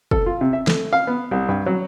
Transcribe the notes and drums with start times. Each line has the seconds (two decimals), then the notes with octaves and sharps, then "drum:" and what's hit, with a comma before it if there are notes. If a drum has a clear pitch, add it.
0.11 A4, drum: kick
0.26 F4
0.41 C3
0.53 E5
0.67 A3, drum: snare
0.93 F5
1.07 B3
1.31 C2
1.49 G2
1.66 F#3